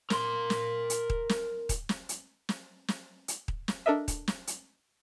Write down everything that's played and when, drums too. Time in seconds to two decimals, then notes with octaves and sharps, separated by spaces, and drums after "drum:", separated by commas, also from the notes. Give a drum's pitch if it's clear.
0.10 A#4 C6, drum: snare
0.50 drum: snare
0.90 drum: hi-hat
1.10 drum: kick D#1
1.29 drum: snare
1.69 drum: kick D#1, hi-hat
1.89 drum: snare
2.09 drum: hi-hat
2.49 drum: snare
2.88 drum: snare
3.28 drum: hi-hat
3.48 drum: kick D#1
3.68 drum: snare
3.86 D4 A4 A#4 D#5 E5
4.08 drum: kick D#1, hi-hat
4.28 drum: snare
4.47 drum: hi-hat